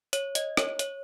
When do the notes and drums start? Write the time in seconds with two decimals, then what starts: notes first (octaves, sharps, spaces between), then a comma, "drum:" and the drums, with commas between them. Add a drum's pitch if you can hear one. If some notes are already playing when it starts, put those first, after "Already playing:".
0.13 C#5, drum: hi-hat
0.35 D#5, drum: hi-hat
0.57 C#5, drum: rim click
0.79 C#5, drum: hi-hat